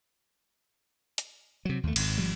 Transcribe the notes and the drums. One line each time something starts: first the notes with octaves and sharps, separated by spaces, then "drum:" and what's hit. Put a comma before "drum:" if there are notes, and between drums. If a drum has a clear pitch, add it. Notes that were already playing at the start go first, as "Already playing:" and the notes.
drum: hi-hat
C3 F#3
D#2 A3
G#1 G#2, drum: cymbal
G#1 F3 G3